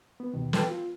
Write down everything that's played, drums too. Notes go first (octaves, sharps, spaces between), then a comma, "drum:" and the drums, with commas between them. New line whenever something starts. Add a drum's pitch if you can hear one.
B3
D#2 B2 D#3
A4 B4 G5 A5, drum: snare
F4